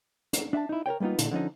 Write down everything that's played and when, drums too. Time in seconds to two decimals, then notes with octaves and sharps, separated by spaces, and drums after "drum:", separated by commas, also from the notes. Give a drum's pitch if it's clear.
0.33 drum: hi-hat
0.53 D4 E5 F#5 A5
0.69 D#4 E4
0.86 A#4 B4 C#5 G5
1.00 G3 A#3 B3 D#4 F4
1.18 A#2 D3, drum: hi-hat
1.31 D3 F3 C#4 D#4